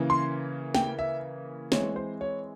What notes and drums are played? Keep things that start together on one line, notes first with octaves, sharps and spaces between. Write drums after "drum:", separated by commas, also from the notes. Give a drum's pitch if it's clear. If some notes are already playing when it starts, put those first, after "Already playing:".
Already playing: C#3 E3 A#3
C6
G5, drum: snare
E5
E3 G#3 C4 C#5, drum: snare
C5
C#5